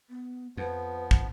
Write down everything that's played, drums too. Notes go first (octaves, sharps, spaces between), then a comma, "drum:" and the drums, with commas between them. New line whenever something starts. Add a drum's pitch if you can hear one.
B3
F2 F3 B3 B4
drum: kick